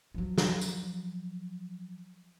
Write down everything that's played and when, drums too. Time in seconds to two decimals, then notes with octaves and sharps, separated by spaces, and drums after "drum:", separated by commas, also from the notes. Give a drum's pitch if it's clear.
0.14 F3 F#3
0.38 drum: snare
0.61 drum: tambourine